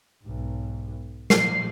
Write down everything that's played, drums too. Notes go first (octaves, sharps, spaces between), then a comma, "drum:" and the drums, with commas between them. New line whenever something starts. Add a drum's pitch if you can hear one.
B1 G#2
A#2 F3 C7, drum: snare